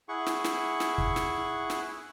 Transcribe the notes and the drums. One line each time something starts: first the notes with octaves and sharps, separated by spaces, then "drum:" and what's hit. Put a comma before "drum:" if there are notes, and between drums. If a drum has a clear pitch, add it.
E4 G#4 F#5 C#6
drum: snare
drum: snare
drum: snare
drum: kick
drum: snare
drum: snare